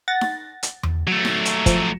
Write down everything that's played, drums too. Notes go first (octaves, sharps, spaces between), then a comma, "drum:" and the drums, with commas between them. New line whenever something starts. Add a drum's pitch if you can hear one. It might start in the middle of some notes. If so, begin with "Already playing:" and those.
F#5 A6 A#6
drum: snare D#4
drum: hi-hat
drum: tom E2
F#3 A3
drum: snare D#4
drum: hi-hat
F3, drum: kick, hi-hat